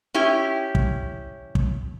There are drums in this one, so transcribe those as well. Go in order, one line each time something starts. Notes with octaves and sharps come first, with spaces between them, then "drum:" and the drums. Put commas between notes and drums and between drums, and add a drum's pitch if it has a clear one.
C#4 E4 G4
drum: kick
drum: kick